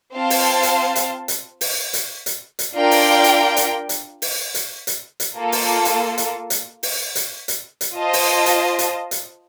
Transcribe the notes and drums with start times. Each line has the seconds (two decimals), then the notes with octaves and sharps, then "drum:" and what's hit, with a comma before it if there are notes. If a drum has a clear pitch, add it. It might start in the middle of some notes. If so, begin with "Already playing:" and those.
0.14 C4 F4 C5 F5 A5
0.30 drum: open hi-hat
0.63 drum: hi-hat
0.96 drum: hi-hat
1.28 drum: hi-hat
1.61 drum: open hi-hat
1.93 drum: hi-hat
2.26 drum: hi-hat
2.59 drum: hi-hat
2.75 D4 F4 A#4 D5 G5
2.91 drum: open hi-hat
3.24 drum: hi-hat
3.57 drum: hi-hat
3.89 drum: hi-hat
4.22 drum: open hi-hat
4.54 drum: hi-hat
4.87 drum: hi-hat
5.20 drum: hi-hat
5.36 A#3 F4 A4
5.52 drum: open hi-hat
5.85 drum: hi-hat
6.18 drum: hi-hat
6.50 drum: hi-hat
6.83 drum: open hi-hat
7.15 drum: hi-hat
7.48 drum: hi-hat
7.81 drum: hi-hat
7.97 F4 C5 D#5 A5
8.13 drum: open hi-hat
8.46 drum: hi-hat
8.79 drum: hi-hat
9.11 drum: hi-hat